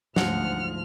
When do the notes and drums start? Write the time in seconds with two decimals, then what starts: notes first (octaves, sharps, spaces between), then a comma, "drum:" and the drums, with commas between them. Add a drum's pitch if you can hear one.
0.16 D2 G#2 F3 F#5 F6, drum: snare